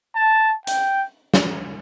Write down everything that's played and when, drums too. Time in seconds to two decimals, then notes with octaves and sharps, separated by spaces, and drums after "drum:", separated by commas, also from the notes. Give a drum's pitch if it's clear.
0.16 A5
0.67 G5, drum: hi-hat
1.34 drum: snare